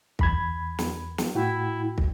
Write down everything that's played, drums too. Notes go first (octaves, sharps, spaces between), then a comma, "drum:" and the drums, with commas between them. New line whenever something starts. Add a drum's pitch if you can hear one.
E2 B5 G#6, drum: kick
drum: snare
drum: snare
A2 E4 F#4 G5
drum: kick